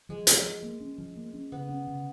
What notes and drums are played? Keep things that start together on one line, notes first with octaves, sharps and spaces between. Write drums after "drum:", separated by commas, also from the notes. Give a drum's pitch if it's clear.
F3 G#3
F3, drum: hi-hat
F3
A#3
C#4
F3
A#3
C#4
C#3 B3
C#4
C#3